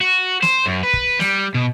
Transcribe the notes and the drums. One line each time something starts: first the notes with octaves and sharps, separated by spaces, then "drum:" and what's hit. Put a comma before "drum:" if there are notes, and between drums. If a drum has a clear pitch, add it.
F#4
C5, drum: snare
F#2
B4
drum: kick
G3, drum: snare
B2